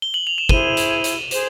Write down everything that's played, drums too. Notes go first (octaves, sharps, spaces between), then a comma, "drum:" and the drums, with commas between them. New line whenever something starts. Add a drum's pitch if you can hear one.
G7
F#7
F7
E7
E4 G#4 C5 D#7, drum: kick
drum: hi-hat
D#7
drum: hi-hat
G#4 C5 E7, drum: hi-hat